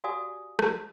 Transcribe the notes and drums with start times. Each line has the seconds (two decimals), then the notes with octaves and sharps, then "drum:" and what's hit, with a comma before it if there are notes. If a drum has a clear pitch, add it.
0.04 F#4 G4 D5 F5 G#5 D#6
0.59 drum: rim click